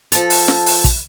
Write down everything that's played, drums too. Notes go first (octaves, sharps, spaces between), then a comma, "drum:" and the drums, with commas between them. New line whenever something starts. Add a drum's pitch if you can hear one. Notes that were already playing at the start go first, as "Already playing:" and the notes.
F3 A4, drum: hi-hat
drum: open hi-hat
drum: snare
drum: open hi-hat
drum: kick, hi-hat